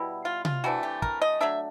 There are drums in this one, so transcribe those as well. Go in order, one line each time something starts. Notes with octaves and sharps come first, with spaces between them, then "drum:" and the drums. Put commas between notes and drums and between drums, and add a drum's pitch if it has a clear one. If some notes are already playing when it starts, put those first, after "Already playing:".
Already playing: B2 G3 B3 E4
F4
F4, drum: tom C3
C3 E3 A3 D4 F#4
G4
A#4, drum: kick
D#5
F#3 A3 D4 E5